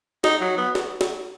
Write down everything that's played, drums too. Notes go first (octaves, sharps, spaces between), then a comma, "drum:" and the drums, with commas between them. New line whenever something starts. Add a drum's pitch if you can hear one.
D#4, drum: snare
F#3
B3
drum: snare
drum: snare